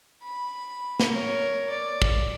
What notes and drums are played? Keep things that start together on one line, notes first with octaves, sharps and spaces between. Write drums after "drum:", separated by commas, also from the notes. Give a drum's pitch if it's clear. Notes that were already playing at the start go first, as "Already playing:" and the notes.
B5
drum: snare
A#4 C#5
D5
drum: kick